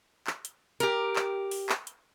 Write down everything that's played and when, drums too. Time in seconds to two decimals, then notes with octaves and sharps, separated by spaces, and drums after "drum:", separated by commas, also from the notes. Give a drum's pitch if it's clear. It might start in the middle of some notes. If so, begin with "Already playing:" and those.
0.27 drum: clap
0.45 drum: hi-hat
0.80 G4 A#4, drum: hi-hat
1.16 drum: clap
1.51 drum: open hi-hat
1.69 drum: clap
1.87 drum: hi-hat